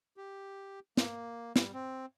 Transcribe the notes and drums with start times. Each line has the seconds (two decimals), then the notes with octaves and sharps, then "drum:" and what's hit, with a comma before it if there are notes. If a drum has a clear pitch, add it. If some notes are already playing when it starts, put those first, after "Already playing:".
0.17 G4
0.97 A#3, drum: snare
1.56 G3, drum: snare
1.74 C4